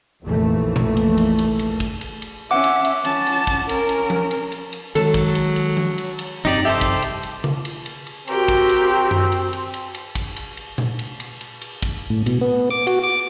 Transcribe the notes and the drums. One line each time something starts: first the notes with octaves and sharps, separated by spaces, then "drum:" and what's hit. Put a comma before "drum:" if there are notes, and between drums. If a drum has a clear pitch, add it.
F1 A#1 E3 A3 A#3
drum: tom A#2
drum: cymbal
drum: cymbal
drum: cymbal
drum: cymbal
drum: kick, cymbal
drum: cymbal
drum: cymbal
C#4 E5 F#5 D6
drum: cymbal
drum: cymbal
C#4 A5, drum: cymbal
drum: cymbal
drum: kick, cymbal
C#4 A#4, drum: cymbal
drum: cymbal
drum: tom F3
drum: cymbal
drum: cymbal
drum: cymbal
D#3 F#3 G#3 A4, drum: cymbal
drum: kick, cymbal
drum: cymbal
drum: cymbal
drum: tom F3
drum: cymbal
drum: cymbal
F1 G2 C4 D#4 G4 D5
D#4 G4 A4 C5 E5
drum: kick, cymbal
drum: cymbal
drum: cymbal
drum: tom C#3
drum: cymbal
drum: cymbal
drum: cymbal
C4 F#4 G4 A#4, drum: cymbal
drum: kick, cymbal
drum: cymbal
drum: tom F#2
drum: cymbal
drum: cymbal
drum: cymbal
drum: cymbal
drum: kick, cymbal
drum: cymbal
drum: cymbal
drum: tom A#2
drum: cymbal
drum: cymbal
drum: cymbal
drum: cymbal
drum: kick, cymbal
A2
B2, drum: cymbal
B3
D6
F#4, drum: cymbal
D6